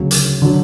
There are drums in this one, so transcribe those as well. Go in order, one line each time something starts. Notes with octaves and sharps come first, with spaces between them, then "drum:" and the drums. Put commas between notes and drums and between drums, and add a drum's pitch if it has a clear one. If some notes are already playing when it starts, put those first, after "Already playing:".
Already playing: D2 C#3 F#3
drum: hi-hat
D3 F#3